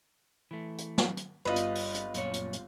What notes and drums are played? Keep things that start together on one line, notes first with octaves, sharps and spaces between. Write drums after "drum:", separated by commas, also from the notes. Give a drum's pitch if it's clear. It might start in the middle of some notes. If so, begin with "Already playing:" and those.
E3 A3
drum: hi-hat
drum: snare
drum: hi-hat
G1 G3 F4 B4 D#5
drum: hi-hat
drum: open hi-hat
drum: hi-hat
F#2 A#2 C#5, drum: hi-hat
drum: hi-hat
drum: hi-hat